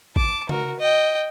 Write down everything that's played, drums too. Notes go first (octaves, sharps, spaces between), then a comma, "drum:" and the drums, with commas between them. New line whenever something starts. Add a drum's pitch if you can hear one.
A5 D6, drum: kick
F#4 A#4, drum: tom C#3
D#5 G5